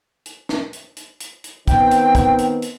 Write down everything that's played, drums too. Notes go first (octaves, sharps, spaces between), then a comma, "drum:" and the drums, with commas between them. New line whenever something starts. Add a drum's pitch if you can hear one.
drum: hi-hat
drum: snare
drum: hi-hat
drum: hi-hat
drum: hi-hat
drum: hi-hat
D#3 B3 C4 G5, drum: kick, hi-hat
drum: hi-hat
drum: kick, hi-hat
drum: hi-hat
drum: hi-hat